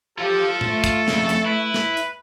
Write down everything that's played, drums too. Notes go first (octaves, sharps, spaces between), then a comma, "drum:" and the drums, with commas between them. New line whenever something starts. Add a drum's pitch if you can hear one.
F4 G4 A4 A5
A3, drum: tom A2
drum: kick, hi-hat
F2 C#3, drum: snare
drum: hi-hat
E4 B4
drum: snare
drum: hi-hat